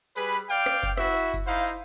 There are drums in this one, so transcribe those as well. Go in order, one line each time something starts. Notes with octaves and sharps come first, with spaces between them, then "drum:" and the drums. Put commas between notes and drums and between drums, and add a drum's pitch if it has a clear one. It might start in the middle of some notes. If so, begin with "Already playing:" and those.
G3 G#4 B4, drum: tambourine
drum: tambourine
D5 F5 G5, drum: tambourine
drum: rim click
drum: kick F#1, tambourine
E4 F#4 E5, drum: rim click
drum: tambourine
drum: kick F#1, tambourine
D#4 E4 C5 F5
drum: tambourine